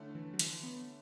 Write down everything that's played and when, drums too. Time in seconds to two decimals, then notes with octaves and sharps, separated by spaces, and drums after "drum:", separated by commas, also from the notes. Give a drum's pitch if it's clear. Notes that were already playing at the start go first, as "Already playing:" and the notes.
Already playing: D3 A3 C#4 E4
0.15 E3
0.33 F#3
0.39 E3, drum: hi-hat
0.63 B3